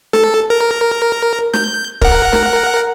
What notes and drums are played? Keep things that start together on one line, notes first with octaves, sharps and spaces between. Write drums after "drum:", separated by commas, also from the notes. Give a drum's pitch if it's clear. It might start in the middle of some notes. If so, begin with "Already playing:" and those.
A4, drum: snare
A#4
G6, drum: snare
A#4 F#5, drum: kick
drum: snare